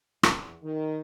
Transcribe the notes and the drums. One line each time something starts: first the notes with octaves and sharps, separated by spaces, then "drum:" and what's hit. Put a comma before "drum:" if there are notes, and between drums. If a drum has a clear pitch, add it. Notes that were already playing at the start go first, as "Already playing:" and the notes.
E2, drum: rim click
D#3